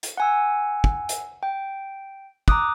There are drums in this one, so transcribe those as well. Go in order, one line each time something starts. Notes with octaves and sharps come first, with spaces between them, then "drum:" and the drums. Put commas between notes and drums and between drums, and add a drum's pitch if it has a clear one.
drum: hi-hat
F#5 G#5 E6
drum: kick
drum: hi-hat
G5
A#5 D6 D#6 F#6, drum: kick